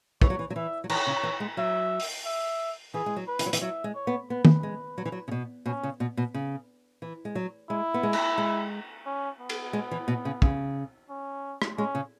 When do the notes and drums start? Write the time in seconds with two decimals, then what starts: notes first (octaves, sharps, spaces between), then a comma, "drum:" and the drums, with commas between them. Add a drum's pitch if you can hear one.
0.22 E3 C#5, drum: kick
0.30 F#3
0.39 E3
0.50 F#3
0.56 E3 E5
0.84 F#3
0.89 E3 C#5, drum: cymbal
1.07 C#3
1.23 E3
1.40 G#3
1.57 F#3 E5
2.00 drum: open hi-hat
2.25 E5
2.94 E3 G#4
3.06 G#3
3.16 F#3
3.27 B4
3.39 E3, drum: hi-hat
3.46 F#3
3.53 E3, drum: hi-hat
3.61 F#3 E5
3.84 G#3
3.95 C#5
4.07 B3
4.30 B3 B4
4.45 drum: tom D#3
4.63 G#3
4.98 F#3
5.05 E3
5.12 F#3
5.28 C#3
5.31 B2
5.66 B2 C#4
5.83 C#3
6.00 B2
6.17 B2
6.34 C#3
7.02 E3
7.25 G#3
7.35 F#3
7.70 G#3 E4
7.94 B3
8.03 G#3
8.13 drum: cymbal
8.38 G#3
9.06 C#4
9.40 B3
9.49 drum: cymbal
9.73 G#3
9.91 E3
10.08 B2
10.25 C#3
10.42 C#3, drum: kick
11.09 C#4
11.62 drum: rim click
11.78 G#3 C#4
11.95 C#3